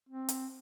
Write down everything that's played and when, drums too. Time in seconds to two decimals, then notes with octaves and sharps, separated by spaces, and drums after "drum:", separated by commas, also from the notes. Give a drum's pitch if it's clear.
0.09 C4
0.29 drum: hi-hat